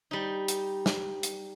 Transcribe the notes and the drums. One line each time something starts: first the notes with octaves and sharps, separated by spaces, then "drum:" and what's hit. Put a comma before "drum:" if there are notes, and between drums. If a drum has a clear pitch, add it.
G3 D#4
drum: hi-hat
drum: snare
drum: hi-hat